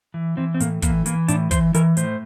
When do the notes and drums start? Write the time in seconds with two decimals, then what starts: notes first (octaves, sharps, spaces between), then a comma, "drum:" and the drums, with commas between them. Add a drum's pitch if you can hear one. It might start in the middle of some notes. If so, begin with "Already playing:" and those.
0.14 E3
0.37 E3 C4
0.55 C4
0.60 A2 A#3, drum: hi-hat
0.82 E3 A#3, drum: kick, hi-hat
1.06 E3 A#3, drum: hi-hat
1.28 A2 D4, drum: hi-hat
1.51 E3 C5, drum: kick, hi-hat
1.74 E3 A#4, drum: hi-hat
1.97 A2 C5, drum: hi-hat